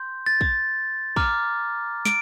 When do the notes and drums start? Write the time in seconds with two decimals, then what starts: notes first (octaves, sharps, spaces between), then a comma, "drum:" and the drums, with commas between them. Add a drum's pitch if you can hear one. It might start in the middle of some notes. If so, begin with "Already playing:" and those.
Already playing: C6 G6
0.26 A6
0.41 drum: kick
1.16 A#5 D6 F6, drum: kick
2.05 D7, drum: snare